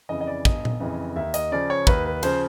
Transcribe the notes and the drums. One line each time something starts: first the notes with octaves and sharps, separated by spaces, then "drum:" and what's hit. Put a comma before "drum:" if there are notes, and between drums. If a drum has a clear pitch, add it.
F2 C#3 E3 D#5
D#5
D5
G1 D#5, drum: kick
drum: tom A#2
F2 C#3 E3
D#2 E5
D#5, drum: hi-hat
C#3 F3 D5
C#5
D#2 B4, drum: kick
B4
C#3 F3 C5, drum: cymbal